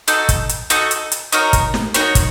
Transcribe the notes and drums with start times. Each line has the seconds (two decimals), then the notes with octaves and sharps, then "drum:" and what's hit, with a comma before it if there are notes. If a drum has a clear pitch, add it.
0.08 D#4 F#4 A4, drum: hi-hat
0.29 drum: kick, hi-hat
0.49 drum: hi-hat
0.70 D#4 F#4 A4, drum: hi-hat
0.91 drum: hi-hat
1.12 drum: hi-hat
1.32 D#4 F#4 A#4 C#5, drum: hi-hat
1.53 drum: kick, hi-hat
1.74 drum: snare
1.94 D#4 F#4 A#4 C#5, drum: hi-hat
2.15 drum: kick, hi-hat